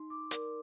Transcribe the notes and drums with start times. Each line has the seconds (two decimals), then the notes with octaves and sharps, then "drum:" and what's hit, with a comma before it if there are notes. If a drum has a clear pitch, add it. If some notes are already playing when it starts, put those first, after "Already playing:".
Already playing: D#4 C6
0.10 D6
0.31 A#4 D5, drum: hi-hat